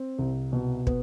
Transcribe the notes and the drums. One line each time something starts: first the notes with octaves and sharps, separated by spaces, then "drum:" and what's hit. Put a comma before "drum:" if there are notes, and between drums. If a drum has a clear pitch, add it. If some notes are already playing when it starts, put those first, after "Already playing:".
Already playing: C4
C2
B2
B3, drum: kick